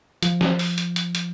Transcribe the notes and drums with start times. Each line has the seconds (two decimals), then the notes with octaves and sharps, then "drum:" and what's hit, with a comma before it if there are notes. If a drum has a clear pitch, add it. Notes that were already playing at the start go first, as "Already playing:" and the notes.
0.23 F3, drum: hi-hat
0.41 drum: snare
0.59 drum: open hi-hat
0.78 drum: hi-hat
0.96 drum: hi-hat
1.15 drum: hi-hat